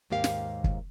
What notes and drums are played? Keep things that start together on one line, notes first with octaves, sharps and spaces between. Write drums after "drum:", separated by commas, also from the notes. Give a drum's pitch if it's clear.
D#2 G#2 A#3 G4 F5
drum: snare
drum: kick